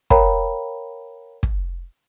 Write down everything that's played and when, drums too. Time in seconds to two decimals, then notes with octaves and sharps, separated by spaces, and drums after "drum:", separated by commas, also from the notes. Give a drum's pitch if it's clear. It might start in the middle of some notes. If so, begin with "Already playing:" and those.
0.10 A#4 C#5 F5 G5 A#5 B5, drum: kick
1.43 drum: kick